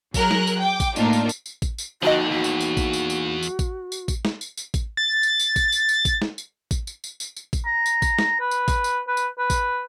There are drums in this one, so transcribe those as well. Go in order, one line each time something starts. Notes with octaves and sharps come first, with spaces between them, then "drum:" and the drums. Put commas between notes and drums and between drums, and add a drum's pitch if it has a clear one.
F#3 G#4 A#4 F#6, drum: kick A1, tambourine
drum: snare
drum: tambourine
G5 D6
drum: kick A1, tambourine
A2 A#3 D4 D#4 F4, drum: tambourine
drum: tambourine
drum: tambourine
drum: tambourine
drum: kick A1, tambourine
drum: tambourine
A#2 D3 F3 D#4 F#4 D#5 A5
E2 F#4
drum: tambourine
drum: tambourine
drum: kick A1, tambourine
drum: tambourine
drum: tambourine
drum: tambourine
drum: kick A1, tambourine
drum: tambourine
drum: kick A1, tambourine
drum: snare
drum: tambourine
drum: tambourine
drum: kick A1, tambourine
A6
drum: tambourine
drum: tambourine
drum: kick A1, tambourine
drum: tambourine
drum: tambourine
drum: kick A1, tambourine
drum: snare
drum: tambourine
drum: kick A1, tambourine
drum: tambourine
drum: tambourine
drum: tambourine
drum: tambourine
drum: kick A1, tambourine
A#5
drum: tambourine
drum: kick A1, tambourine
drum: snare
B4
drum: tambourine
drum: kick A1, tambourine
drum: tambourine
B4
drum: tambourine
B4
drum: kick A1, tambourine